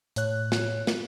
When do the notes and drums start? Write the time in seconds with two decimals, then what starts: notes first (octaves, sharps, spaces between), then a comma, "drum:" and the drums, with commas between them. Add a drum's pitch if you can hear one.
0.16 A2 C#5 F#6, drum: hi-hat
0.52 drum: snare
0.87 drum: snare